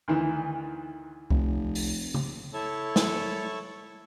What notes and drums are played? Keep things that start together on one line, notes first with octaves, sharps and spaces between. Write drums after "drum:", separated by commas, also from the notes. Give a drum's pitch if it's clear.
D2 D#3 E3
F1, drum: kick C2
drum: open hi-hat
drum: tom C#3
E4 A4 C#5 A5 C#6
drum: snare